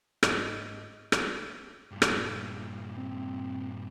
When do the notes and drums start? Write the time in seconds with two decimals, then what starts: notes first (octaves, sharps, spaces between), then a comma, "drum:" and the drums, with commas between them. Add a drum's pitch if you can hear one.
0.23 G#2 D#5, drum: rim click
1.12 drum: rim click
1.91 G2 A#2
2.02 drum: rim click
2.97 C4